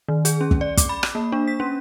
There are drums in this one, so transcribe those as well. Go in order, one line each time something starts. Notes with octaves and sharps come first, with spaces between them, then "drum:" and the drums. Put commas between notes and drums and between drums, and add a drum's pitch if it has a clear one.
D#3
G#4, drum: hi-hat
C#4
drum: kick
D5
D6, drum: kick, hi-hat
B5
drum: rim click
A#3
D4
B6
C#4